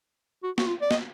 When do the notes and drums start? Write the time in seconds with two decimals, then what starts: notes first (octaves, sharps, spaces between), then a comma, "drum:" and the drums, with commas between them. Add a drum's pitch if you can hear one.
0.43 F#4
0.58 F#4, drum: snare
0.67 F4
0.81 D5
0.91 D#5, drum: snare